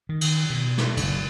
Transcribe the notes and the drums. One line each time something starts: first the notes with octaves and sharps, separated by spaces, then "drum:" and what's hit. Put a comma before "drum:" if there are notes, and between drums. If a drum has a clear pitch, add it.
D#3
drum: cymbal
B2
drum: snare
F#1, drum: cymbal